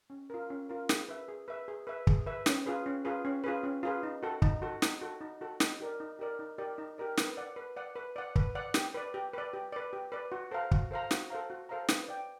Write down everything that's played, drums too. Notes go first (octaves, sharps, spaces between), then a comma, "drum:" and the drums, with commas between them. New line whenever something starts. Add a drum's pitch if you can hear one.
C#4
F4 A#4
C#4
F4 A#4
G#4, drum: snare
B4 E5
G#4
B4 E5
G#4
B4 E5
G#4, drum: kick
B4 E5
C#4, drum: snare
F4 G#4 B4
C#4
F4 G#4 B4
C#4
F4 G#4 B4
C#4
F4 G#4 B4
D#4
F#4 A4
D#4, drum: kick
F#4 A4
D#4, drum: snare
F#4 A4
D#4
F#4 A4
D#4, drum: snare
G4 A#4 D5
D#4
G4 A#4 D5
D#4
G4 A#4 D5
D#4
G4 A#4 D5
B4, drum: snare
D5 F#5
B4
D5 F#5
B4
D5 F#5
B4, drum: kick
D5 F#5
G4, drum: snare
B4 D5
G4
B4 D5
G4
B4 D5
G4
B4 D5
F#4
A4 C5 F5 A#5
F#4, drum: kick
A4 C5 F5 A#5
F#4, drum: snare
A4 C5 F5 A#5
F#4
A4 C5 F5 A#5
B4, drum: snare
D5 G5